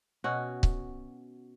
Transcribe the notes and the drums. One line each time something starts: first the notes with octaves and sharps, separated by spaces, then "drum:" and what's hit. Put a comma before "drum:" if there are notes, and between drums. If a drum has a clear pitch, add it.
B2 C#4 F#4
drum: kick C#1